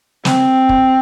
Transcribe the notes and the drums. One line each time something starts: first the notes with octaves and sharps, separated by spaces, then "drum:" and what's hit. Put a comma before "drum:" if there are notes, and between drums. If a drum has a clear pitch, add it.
C4, drum: snare
drum: kick